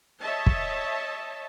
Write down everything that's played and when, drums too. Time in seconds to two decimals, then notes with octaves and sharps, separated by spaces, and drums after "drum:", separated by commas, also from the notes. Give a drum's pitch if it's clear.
0.22 C#5 D#5 E5 A5
0.46 drum: kick